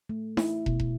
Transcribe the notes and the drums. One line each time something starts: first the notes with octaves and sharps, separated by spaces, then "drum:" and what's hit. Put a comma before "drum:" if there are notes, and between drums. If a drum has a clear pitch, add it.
A3
E4, drum: snare D#4
B2, drum: kick
drum: kick